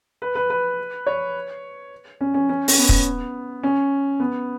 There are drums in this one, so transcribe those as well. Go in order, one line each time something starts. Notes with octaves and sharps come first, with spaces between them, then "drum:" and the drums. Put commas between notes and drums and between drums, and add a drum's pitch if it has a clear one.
B4
B4
B4
C#5
C#4
C#4
C#4
C#4, drum: open hi-hat
B3
drum: kick
C#4
B3